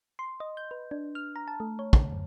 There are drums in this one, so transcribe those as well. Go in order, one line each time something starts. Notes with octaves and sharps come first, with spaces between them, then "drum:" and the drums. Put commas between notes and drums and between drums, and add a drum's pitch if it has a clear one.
C6
D#5
G6
B4
D4
F6
A#5
A5
A3
C#5
D3, drum: kick
F#2